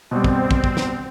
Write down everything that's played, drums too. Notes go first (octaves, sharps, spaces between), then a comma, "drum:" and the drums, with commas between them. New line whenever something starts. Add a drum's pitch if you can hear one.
B2 G3 C4
drum: kick
drum: kick
drum: kick
drum: snare